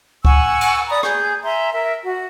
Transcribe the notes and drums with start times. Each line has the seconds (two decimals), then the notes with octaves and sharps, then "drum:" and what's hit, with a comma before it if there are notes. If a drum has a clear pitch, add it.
0.25 F#5 G#5 C#6 E6, drum: kick C#2
0.61 drum: cymbal
0.90 D5 A#5 B5 D#6
1.03 G#4 G6, drum: rim click
1.44 E5 G#5 A#5 C6
1.73 A#4 E5
2.03 F#4